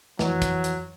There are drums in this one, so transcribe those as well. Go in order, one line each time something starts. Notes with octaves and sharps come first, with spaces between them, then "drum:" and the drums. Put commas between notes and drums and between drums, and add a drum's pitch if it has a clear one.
F2 E3 F#3, drum: snare
drum: kick, hi-hat
drum: hi-hat